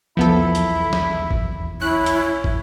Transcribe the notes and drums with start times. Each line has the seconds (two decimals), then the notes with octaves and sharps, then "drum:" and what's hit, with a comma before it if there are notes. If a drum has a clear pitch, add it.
0.17 D#1 B1 E2 F3 B3 E4 A4
0.55 drum: hi-hat
0.93 drum: snare
1.31 drum: kick
1.82 C#4 E4 F#6
2.06 drum: hi-hat
2.44 drum: kick